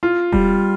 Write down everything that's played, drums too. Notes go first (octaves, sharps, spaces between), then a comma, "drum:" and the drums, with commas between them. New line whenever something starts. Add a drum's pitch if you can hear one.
F4
G3, drum: kick E1